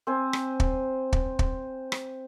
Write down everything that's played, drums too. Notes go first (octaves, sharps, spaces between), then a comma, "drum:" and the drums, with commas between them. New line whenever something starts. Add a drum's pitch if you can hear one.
C4 C5 G#5
drum: rim click
drum: kick
drum: kick
drum: kick
drum: rim click